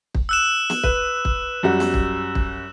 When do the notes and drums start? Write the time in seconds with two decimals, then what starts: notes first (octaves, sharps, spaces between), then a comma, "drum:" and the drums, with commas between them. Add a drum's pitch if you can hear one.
0.15 drum: kick
0.29 E6 F#6 E7
0.70 drum: snare B3
0.84 B4, drum: kick
1.25 drum: kick
1.63 F#2 G3 F#4
1.80 drum: snare B3
1.94 drum: kick
2.35 drum: kick